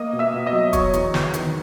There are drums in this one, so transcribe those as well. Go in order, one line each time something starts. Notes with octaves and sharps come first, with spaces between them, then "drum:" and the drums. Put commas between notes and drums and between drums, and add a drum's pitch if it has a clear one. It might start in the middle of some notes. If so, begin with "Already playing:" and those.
Already playing: A#3 D#5 D#6
B2
E5 E6
B2
D#5 D#6
F#3
F#3 C#5 C#6, drum: kick, hi-hat
E2, drum: hi-hat
E2, drum: snare
D#3, drum: hi-hat